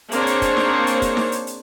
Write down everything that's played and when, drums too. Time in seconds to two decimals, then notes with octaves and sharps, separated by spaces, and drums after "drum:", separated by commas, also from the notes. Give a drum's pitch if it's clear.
0.12 A#3 C4 D4 G#4 C5 C#5, drum: hi-hat
0.27 drum: hi-hat
0.42 drum: kick, hi-hat
0.57 drum: snare D#4
0.87 drum: hi-hat
1.02 drum: kick, hi-hat
1.17 drum: snare D#4
1.32 drum: hi-hat
1.47 drum: hi-hat